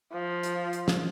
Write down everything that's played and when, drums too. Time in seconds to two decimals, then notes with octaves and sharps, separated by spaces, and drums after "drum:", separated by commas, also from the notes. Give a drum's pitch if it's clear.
0.13 F3
0.43 drum: hi-hat
0.73 drum: hi-hat
0.88 drum: snare